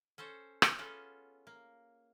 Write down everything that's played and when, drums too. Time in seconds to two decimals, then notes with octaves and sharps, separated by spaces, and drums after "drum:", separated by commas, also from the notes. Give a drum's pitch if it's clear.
0.18 C#4 A4 C5 C#5
0.62 drum: rim click
0.79 B3 C#4 F4 G#4 A4
1.47 A#3